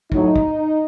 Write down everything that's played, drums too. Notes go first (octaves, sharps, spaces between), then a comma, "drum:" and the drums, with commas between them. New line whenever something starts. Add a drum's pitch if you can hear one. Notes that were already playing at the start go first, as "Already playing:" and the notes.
A2 F#3 D#4, drum: kick
drum: kick